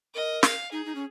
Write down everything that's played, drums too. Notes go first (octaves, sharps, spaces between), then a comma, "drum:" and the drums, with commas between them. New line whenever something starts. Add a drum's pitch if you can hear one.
A#4 D#5
F5, drum: snare
D#4 G#4
D#4
C#4